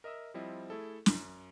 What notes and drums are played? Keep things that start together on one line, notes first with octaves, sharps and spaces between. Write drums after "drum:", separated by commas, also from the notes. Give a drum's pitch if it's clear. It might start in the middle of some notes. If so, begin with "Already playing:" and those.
A#4 D#5 E5 D#6 E6
F3 G3 C4 E4 D#5
A3 E4 G#4 A4
F#2, drum: snare